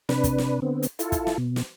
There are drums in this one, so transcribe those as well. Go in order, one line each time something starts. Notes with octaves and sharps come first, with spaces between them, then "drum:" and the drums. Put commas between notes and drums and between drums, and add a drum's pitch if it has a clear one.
C3 D4 B4, drum: snare
drum: kick, hi-hat
drum: snare
D3 B3 C4
drum: hi-hat
E4 F4 A4, drum: hi-hat
drum: kick, hi-hat
drum: snare
B2
drum: snare